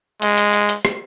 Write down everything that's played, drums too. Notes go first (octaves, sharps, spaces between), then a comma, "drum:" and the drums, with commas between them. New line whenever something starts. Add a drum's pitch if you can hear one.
G#3, drum: hi-hat
drum: hi-hat
drum: hi-hat
drum: hi-hat
drum: rim click